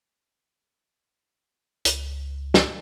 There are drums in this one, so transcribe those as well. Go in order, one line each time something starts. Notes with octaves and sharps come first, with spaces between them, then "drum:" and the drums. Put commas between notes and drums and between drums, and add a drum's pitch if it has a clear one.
C#2, drum: hi-hat
drum: snare